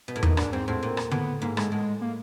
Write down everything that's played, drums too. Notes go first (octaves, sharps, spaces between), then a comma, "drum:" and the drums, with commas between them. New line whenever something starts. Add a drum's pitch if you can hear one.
B2
A2
A#2 D#4, drum: tom E2
G#2 D4, drum: rim click
G#2 C4
A2 C4
A#2
drum: rim click
A2 B3, drum: tom D3
G#2 A#3
A2 G#3, drum: rim click
A2 G#3
A#3